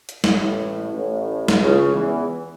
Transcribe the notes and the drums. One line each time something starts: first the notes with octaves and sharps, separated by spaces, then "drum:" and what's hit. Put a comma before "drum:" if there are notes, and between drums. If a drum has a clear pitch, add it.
drum: hi-hat
A1 A2, drum: snare
A1 A2
drum: snare
C#2 C#3
E2 E3